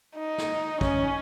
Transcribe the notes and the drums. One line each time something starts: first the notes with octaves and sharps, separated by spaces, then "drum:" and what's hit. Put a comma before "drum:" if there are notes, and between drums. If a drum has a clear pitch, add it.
D#4
drum: snare
C#4, drum: kick